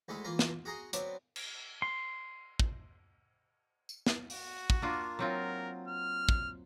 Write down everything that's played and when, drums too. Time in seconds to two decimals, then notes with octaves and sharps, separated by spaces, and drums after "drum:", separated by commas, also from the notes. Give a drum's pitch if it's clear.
0.08 D2 G#3 A3 E4
0.25 E3 A#3 F4 A#5
0.39 drum: snare
0.65 F#4 G#4 A#5 C6
0.93 F#3 B3 C4 D4, drum: hi-hat
1.36 drum: cymbal
1.82 C6
2.59 drum: kick
3.89 drum: tambourine
4.07 drum: snare
4.30 F#4, drum: open hi-hat
4.70 drum: kick
4.82 A#3 D4 F4
5.19 F#3 C4 F4 A#4
5.88 F6
6.29 drum: kick